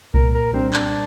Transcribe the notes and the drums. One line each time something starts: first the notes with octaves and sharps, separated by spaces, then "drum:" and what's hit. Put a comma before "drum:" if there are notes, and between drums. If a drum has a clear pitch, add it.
A#2 A#4, drum: kick C2
A#4
G3 C4 D4
D4, drum: clap